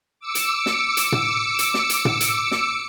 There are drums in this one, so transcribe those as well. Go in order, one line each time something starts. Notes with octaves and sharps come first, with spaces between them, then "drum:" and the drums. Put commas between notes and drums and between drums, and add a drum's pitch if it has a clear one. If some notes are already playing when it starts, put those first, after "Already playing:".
D6 E6 C#7
drum: hi-hat
drum: snare
drum: hi-hat
drum: tom
drum: hi-hat
drum: snare
drum: hi-hat
drum: tom
drum: hi-hat
drum: snare